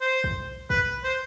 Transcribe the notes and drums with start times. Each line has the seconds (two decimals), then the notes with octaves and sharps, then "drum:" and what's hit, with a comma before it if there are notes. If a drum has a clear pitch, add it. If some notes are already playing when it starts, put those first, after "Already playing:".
0.01 C5
0.24 drum: kick
0.70 B4, drum: kick
1.04 C5